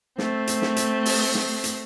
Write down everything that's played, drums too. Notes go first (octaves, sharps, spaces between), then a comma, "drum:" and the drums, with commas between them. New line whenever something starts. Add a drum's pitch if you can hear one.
A3 C4, drum: snare
drum: hi-hat
drum: snare
drum: hi-hat
drum: open hi-hat
drum: snare
drum: hi-hat